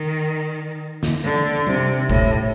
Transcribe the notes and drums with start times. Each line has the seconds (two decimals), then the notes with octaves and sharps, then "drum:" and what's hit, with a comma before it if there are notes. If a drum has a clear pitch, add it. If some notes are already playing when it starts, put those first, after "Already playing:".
Already playing: D#3
1.03 drum: snare
1.24 D3, drum: tambourine
1.67 C3, drum: tom G3
2.10 A2, drum: kick G1